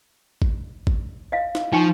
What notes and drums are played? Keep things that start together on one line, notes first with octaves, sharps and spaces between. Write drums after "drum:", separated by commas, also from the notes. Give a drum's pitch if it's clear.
drum: kick
drum: kick
D#5 F5
drum: snare
F3 D#4 G5 C#6